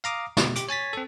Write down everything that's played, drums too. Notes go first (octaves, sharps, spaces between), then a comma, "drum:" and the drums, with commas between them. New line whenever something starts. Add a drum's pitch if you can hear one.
F5 A#5 D6 D#6
B2, drum: snare
G4 D6, drum: hi-hat
C#5 G#5 A6 B6
C4 A4